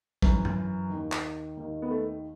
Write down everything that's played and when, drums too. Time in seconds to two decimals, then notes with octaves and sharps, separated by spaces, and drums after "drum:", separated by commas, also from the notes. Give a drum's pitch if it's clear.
0.22 F#2 E3, drum: kick A1
0.45 drum: tom
0.89 D#2 D#3
1.12 drum: clap
1.57 D#2 D#3
1.82 B3
1.90 A3